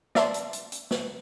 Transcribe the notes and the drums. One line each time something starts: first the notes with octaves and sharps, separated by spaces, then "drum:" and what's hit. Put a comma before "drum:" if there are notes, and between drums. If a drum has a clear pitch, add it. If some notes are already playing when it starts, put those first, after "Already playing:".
D5 E5 A5 C6, drum: snare
drum: hi-hat
drum: hi-hat
drum: hi-hat
drum: snare